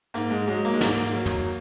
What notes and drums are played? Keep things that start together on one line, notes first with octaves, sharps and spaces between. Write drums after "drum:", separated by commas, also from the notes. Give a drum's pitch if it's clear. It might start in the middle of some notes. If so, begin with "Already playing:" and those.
G#2 A#3, drum: hi-hat
G#3
F#3 G#3
A#3
G#3
G#2 A#3, drum: snare
drum: hi-hat
F#3
drum: tom